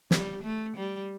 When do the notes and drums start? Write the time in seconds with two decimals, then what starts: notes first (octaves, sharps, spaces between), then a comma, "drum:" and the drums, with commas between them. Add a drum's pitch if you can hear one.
0.11 G3, drum: snare
0.44 A3
0.77 G3